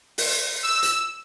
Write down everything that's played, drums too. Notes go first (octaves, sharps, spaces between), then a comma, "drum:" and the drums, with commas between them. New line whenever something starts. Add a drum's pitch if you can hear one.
drum: open hi-hat
E6
drum: hi-hat